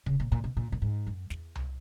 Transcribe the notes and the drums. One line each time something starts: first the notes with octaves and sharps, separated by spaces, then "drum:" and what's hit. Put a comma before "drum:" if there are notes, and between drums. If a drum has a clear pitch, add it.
C#3, drum: kick
A#2
A#2
B2
A#2
A#2
G#2
F#2
E2, drum: snare
drum: tom C2